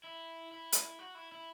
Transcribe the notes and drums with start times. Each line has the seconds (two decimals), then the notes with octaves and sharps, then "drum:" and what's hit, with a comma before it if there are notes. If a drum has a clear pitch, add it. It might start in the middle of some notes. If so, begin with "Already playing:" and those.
0.04 E4
0.52 E4
0.73 drum: hi-hat
0.99 F#4
1.15 E4
1.32 E4